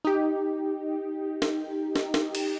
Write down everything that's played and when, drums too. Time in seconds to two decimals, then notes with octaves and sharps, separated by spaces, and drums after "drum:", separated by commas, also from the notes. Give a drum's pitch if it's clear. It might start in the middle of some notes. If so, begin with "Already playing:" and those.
0.05 D#4 G4
1.42 drum: snare
1.95 drum: snare
2.14 drum: snare
2.35 drum: cymbal